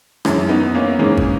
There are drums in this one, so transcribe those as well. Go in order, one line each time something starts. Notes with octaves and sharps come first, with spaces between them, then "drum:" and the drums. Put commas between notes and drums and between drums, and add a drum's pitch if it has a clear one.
F#2 E3 G#3 C#4 E4, drum: rim click
B3 D#4
A#3 C#4
G#2 E3 G#3 A#3 C#4
drum: kick